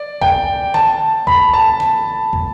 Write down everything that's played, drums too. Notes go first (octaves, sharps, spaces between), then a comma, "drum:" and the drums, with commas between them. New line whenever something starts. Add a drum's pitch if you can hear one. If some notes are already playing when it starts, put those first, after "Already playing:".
Already playing: D5
G5, drum: kick
A5, drum: snare
B5, drum: kick
A5
drum: snare
drum: kick